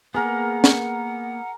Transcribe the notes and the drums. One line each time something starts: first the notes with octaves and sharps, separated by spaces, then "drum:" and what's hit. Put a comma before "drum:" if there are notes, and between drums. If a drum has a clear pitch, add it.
A#3 B3 G#4 A#4 F#5
drum: snare